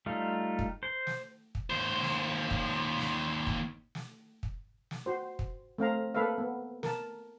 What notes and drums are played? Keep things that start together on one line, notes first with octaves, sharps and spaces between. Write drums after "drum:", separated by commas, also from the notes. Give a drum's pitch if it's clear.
G3 A3 D#4 F4
drum: kick
C5
drum: snare
drum: kick
D#2 C5
drum: snare
drum: kick
drum: snare
drum: kick
drum: snare
drum: kick
drum: snare
F#4 C5
drum: kick
A3 C4 F5 A#5
A#3 A4 B4 E5 F5
B3
A#4 A5, drum: snare